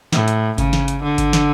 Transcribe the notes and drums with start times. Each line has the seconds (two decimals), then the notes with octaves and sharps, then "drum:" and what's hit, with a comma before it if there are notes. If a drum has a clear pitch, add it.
0.13 A2, drum: snare
0.28 drum: hi-hat
0.58 C#3, drum: kick G#1, hi-hat
0.73 drum: snare
0.88 drum: hi-hat
1.03 D3
1.18 drum: kick G#1, hi-hat
1.33 drum: snare